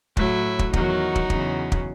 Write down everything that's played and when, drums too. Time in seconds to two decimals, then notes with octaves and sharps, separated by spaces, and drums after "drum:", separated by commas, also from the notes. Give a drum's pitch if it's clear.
0.17 A2 F#3 E4, drum: kick
0.59 drum: kick
0.73 E2 D#3 F#3 D#4 F#4, drum: kick
1.16 drum: kick
1.30 E2 C#3 F#3, drum: kick
1.72 drum: kick